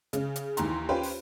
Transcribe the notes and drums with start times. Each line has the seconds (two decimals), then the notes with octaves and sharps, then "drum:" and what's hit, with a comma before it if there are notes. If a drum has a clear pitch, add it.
0.13 C#3, drum: hi-hat
0.36 drum: hi-hat
0.57 D#2 E3 A#5 C6, drum: hi-hat
0.89 C#4 F4 G4 B4 C5
1.03 drum: open hi-hat